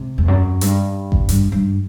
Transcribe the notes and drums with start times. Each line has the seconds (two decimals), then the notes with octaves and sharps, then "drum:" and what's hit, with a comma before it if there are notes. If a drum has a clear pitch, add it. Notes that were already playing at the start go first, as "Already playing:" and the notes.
Already playing: C3
0.18 E2
0.28 F#2
0.61 G2, drum: hi-hat
1.12 drum: kick G#1
1.29 G2, drum: hi-hat
1.52 G2